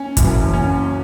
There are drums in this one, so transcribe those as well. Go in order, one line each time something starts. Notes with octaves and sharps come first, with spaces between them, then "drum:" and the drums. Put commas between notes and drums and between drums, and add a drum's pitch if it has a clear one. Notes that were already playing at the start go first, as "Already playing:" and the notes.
Already playing: C#4
F#1 F#2 E3, drum: kick, hi-hat
C#4